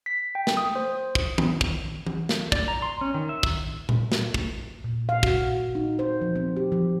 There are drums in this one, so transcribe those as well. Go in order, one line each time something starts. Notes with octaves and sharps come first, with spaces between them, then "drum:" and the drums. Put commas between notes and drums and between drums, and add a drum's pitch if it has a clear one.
B6
G5
drum: snare
D#6
C5
drum: kick
drum: tom
drum: kick
drum: tom E3
drum: snare
D5, drum: kick
A#5
C6
C#4
D#3
E5
drum: kick
drum: tom A#2
drum: snare
drum: kick
A#2
F5
F#4, drum: kick
D#4
C5
F3
C4
G4
F3